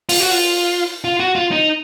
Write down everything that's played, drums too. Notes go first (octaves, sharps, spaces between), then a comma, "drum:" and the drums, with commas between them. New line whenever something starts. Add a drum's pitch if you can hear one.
F4, drum: open hi-hat
F#4
F4
F4
F#4
F4
D#4